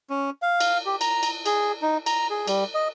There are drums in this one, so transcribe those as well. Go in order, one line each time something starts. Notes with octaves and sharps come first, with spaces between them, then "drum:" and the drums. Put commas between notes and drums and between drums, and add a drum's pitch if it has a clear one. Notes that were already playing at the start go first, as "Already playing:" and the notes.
C#4
F5
drum: cymbal
G4
A#5, drum: cymbal
drum: cymbal
G#4, drum: cymbal
D#4
A#5, drum: cymbal
G#4
G3, drum: cymbal
D#5